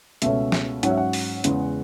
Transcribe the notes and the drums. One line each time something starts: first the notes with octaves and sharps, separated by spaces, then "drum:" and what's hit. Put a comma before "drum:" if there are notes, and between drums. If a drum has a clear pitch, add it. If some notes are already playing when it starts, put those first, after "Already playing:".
C#2 B2 A3 C#4 E5, drum: hi-hat
drum: snare
G#2 F#3 C#4 F#5, drum: hi-hat
E5
F#5
drum: open hi-hat
E2 C#3 G#3, drum: hi-hat